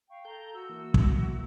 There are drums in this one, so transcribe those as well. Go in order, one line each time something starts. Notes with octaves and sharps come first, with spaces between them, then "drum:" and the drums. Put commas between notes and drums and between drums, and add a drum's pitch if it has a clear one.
F5 G5 C#6
A4 A#5 G6
F#4 E6
E3 A#3
drum: kick